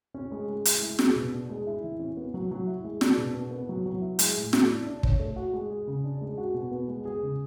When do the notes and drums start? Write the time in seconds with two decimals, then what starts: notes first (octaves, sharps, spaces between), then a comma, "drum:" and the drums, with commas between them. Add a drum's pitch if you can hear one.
0.14 C#4
0.32 G#3
0.48 G#3
0.65 E4, drum: hi-hat
0.82 G#3
0.99 G#4, drum: snare
1.16 B2
1.33 D4
1.50 G#3
1.67 E4
1.84 E3
1.99 C#4
2.17 B3
2.34 F#3
2.51 F#3
2.67 E4
2.84 G#3
3.01 D4, drum: snare
3.17 B2
3.34 B3
3.51 B3
3.69 F#3
3.86 F#3
4.01 E4
4.19 G#3, drum: hi-hat
4.36 A2
4.53 A2, drum: snare
4.70 D4
4.86 D4
5.03 C#5, drum: kick
5.19 A3
5.36 F#4
5.53 G#3
5.70 G#4
5.87 C#3
6.04 D4
6.21 G#3
6.38 F#4
6.54 B2
6.72 B3
6.88 G#3
7.05 G#4
7.22 C#3